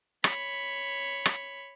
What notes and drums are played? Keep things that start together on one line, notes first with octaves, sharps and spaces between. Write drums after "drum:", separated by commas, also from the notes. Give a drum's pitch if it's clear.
C#5 B5, drum: rim click
drum: rim click